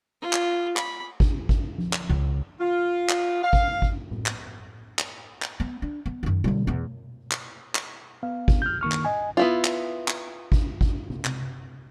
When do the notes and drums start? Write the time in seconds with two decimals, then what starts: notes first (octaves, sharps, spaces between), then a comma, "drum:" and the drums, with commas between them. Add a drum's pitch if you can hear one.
0.22 F4
0.33 drum: clap
0.77 B5, drum: clap
1.20 drum: kick G#1
1.49 drum: kick G#1
1.78 drum: tom F3
1.93 drum: clap
2.09 C#2
2.61 F4
3.09 drum: clap
3.43 F5
3.53 drum: kick G#1
3.82 drum: kick G#1
4.11 drum: tom A2
4.26 drum: clap
4.99 drum: clap
5.42 drum: clap
5.60 B3
5.82 D4
6.06 B3
6.23 F#2 D#3
6.44 D3 G3, drum: tom B2
6.67 E2 B3
7.31 drum: clap
7.75 drum: clap
8.23 B3 F5
8.48 drum: kick G#1
8.62 F6 G6
8.81 D#3 A#3 C#6 F6
8.92 drum: clap
9.05 D#5 G#5
9.37 B3 E4 F4
9.64 drum: clap
10.08 drum: clap
10.52 drum: kick G#1
10.81 drum: kick G#1
11.10 drum: tom C3
11.24 drum: clap